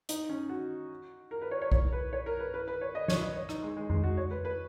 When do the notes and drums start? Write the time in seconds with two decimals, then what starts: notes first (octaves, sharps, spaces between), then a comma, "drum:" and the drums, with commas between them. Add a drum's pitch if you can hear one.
0.09 D#4, drum: hi-hat
0.29 C#4
0.49 F#4
1.31 A#4
1.42 B4
1.51 C#5
1.62 C#5
1.72 C#5, drum: kick A1
1.93 B4
2.13 C#5
2.26 A#4
2.40 B4
2.54 B4
2.68 B4
2.81 C#5
2.95 D#5
3.08 C#5, drum: snare
3.22 D#5
3.36 C#5
3.49 D#4, drum: rim click
3.63 G#3
3.77 G#3
3.90 G#3, drum: tom F2
4.04 F#4
4.17 C#5
4.31 B4
4.45 B4